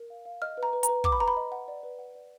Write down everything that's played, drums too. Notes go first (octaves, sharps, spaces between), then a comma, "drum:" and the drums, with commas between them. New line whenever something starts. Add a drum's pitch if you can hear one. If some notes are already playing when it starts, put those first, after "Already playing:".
Already playing: A#4
F5
F5
D#5 F6
B4
A#5
B4
A#5, drum: hi-hat
B4
F#5 D6, drum: kick
B5
B4 A#5
B5
D#5
F#5
D5
B4
F#5
D5